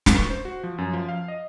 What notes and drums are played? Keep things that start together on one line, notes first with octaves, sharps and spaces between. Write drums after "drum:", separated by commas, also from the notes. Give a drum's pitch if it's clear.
drum: snare
C#6
C5
F#4
F3
F#2
F3
F5
D#5